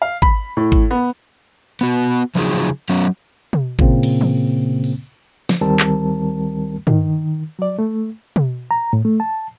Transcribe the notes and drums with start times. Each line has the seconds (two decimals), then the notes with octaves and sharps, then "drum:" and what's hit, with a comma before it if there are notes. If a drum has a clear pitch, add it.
0.02 F5
0.22 B5, drum: kick G#1
0.57 A2
0.72 drum: kick G#1
0.91 B3
1.81 B3 F#4
2.35 C#3 F3 F#3 D#4 F4 G#4
2.89 F#3 B3 C#4
3.53 drum: tom B2
3.79 A#2 C#3 A#3 C4, drum: kick G#1
4.03 drum: cymbal
4.21 drum: tom D#3
4.84 drum: open hi-hat
5.49 drum: snare
5.61 D2 D#3 G3 C4 A#4 A5
5.80 drum: clap
6.87 D#3, drum: tom
7.59 F#3 D5
7.79 A3
8.36 drum: tom B2
8.71 A#5
8.93 A2
9.05 A3
9.20 A5